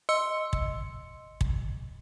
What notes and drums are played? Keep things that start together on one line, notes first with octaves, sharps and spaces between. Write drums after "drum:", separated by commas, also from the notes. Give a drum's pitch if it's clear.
D#5 C6 E6 C#7
drum: kick
drum: kick